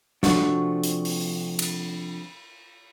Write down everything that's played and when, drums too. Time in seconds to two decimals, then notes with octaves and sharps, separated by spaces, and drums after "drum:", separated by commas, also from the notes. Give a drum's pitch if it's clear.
0.23 C3 F3 A3 C4 D4 F#4, drum: snare
0.84 drum: hi-hat
1.05 drum: open hi-hat
1.59 drum: cymbal